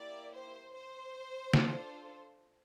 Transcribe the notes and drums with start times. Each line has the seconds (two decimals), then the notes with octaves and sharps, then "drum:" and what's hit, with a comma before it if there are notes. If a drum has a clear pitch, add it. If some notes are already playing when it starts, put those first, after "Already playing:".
Already playing: A#3 E4 G4 D5
0.33 C5
0.73 C5
1.54 D4 F4 A4, drum: snare